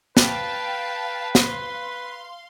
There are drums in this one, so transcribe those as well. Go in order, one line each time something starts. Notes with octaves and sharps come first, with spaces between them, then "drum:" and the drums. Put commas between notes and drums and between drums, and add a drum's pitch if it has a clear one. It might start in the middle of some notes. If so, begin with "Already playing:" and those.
B4 F5 G5 A5, drum: snare
F5 C6, drum: snare